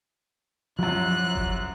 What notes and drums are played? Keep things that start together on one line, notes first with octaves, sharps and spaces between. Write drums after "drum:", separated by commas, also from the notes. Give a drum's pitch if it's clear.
C2 F#2 F3 F#6
drum: kick F#1